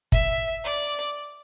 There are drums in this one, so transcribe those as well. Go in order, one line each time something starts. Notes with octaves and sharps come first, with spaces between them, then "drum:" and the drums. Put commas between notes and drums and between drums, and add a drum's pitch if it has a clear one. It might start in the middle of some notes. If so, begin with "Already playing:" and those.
E5, drum: kick
D5